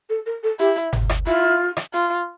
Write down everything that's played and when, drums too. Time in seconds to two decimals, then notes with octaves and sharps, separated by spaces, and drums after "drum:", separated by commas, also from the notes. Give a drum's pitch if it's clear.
0.09 A4
0.25 A#4
0.43 A4
0.59 E4 G4, drum: hi-hat
0.76 drum: hi-hat
0.93 drum: tom G1
1.09 drum: rim click
1.26 E4 F4, drum: hi-hat
1.77 drum: rim click
1.94 F4, drum: hi-hat